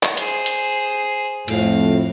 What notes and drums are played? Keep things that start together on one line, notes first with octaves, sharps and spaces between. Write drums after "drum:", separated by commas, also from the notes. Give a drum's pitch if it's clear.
drum: clap
G#4 C5, drum: hi-hat
drum: hi-hat
F2 A2 F5, drum: cymbal